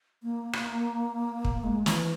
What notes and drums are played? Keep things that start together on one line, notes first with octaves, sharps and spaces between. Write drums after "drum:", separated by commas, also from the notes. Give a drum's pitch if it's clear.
A#3
drum: rim click
drum: kick
G#3
E3, drum: snare